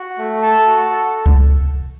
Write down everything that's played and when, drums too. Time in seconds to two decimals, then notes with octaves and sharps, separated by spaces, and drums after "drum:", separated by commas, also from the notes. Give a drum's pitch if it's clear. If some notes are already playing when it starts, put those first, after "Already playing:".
Already playing: F#4
0.18 A3
0.42 A4 A5
0.67 F#4
0.91 A4
1.26 drum: kick C#2